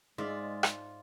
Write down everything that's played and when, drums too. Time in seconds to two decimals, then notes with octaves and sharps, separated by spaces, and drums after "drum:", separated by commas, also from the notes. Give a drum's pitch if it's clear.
0.18 G#2 G#3 F4 D5 E5
0.63 drum: rim click